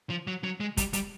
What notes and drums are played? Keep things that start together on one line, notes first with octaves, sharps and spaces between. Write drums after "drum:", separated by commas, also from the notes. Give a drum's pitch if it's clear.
F3
F#3
F#3
G#3
G3, drum: kick, hi-hat
G3, drum: hi-hat